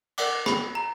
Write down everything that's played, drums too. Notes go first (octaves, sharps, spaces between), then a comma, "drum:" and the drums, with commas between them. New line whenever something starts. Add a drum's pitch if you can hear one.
A#4 D5 F#5 D6, drum: cymbal
B5, drum: rim click
A#5